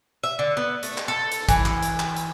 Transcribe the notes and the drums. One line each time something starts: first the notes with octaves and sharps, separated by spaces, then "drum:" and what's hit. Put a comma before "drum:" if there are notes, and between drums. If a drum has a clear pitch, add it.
E5
D3
B3
A3, drum: hi-hat
drum: clap
A4
drum: hi-hat
E3, drum: kick A1, hi-hat
drum: clap
drum: hi-hat
drum: clap
drum: hi-hat